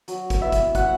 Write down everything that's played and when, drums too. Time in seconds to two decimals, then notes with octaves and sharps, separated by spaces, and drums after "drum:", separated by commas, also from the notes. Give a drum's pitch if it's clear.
0.08 F#3, drum: hi-hat
0.30 drum: kick, hi-hat
0.42 B3 E4 E5
0.52 drum: kick, hi-hat
0.75 F#3 F#5, drum: kick, hi-hat